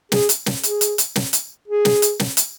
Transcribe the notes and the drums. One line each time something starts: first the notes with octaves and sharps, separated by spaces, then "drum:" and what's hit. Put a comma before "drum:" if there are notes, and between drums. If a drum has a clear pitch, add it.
G#4, drum: snare
drum: hi-hat
drum: snare
G#4, drum: hi-hat
drum: hi-hat
drum: hi-hat
drum: snare
drum: hi-hat
G#4
drum: snare
drum: hi-hat
drum: snare
drum: hi-hat